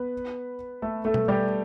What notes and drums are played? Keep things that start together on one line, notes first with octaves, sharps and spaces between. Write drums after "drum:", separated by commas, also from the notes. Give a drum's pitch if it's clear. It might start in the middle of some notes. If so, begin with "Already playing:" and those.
Already playing: B3 B4
A3 A4
A3 A4
drum: tom B2
G3 G4